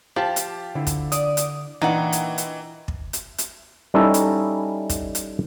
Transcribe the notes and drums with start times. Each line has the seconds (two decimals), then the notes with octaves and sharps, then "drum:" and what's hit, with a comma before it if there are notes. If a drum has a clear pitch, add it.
0.16 F3 G4 F5 A5
0.36 drum: hi-hat
0.75 D3 E4
0.87 drum: kick, hi-hat
1.12 D5 D#6, drum: hi-hat
1.37 drum: hi-hat
1.82 A#2 D#3 E3 D4 D#4 F#5
2.12 drum: hi-hat
2.38 drum: hi-hat
2.88 drum: kick
3.13 drum: hi-hat
3.38 drum: hi-hat
3.94 G3 C#4 D#4 E4 A4 D#5
4.14 drum: hi-hat
4.89 drum: kick, hi-hat
5.15 drum: hi-hat